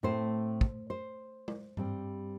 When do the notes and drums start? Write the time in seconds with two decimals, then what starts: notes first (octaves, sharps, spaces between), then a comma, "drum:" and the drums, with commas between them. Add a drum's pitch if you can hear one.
0.03 A2 A3 C4 E4 C5
0.61 drum: kick
0.90 C5
1.48 drum: tom G#3
1.77 G2 G3 C4, drum: tom G#2